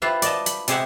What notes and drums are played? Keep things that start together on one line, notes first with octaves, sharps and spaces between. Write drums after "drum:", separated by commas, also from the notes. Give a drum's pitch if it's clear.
E4 F4 G4 B4 C5 F5
D5 D#5 A5, drum: hi-hat
B5, drum: hi-hat
C3 G#3 G4 G#4 E5 F#5, drum: hi-hat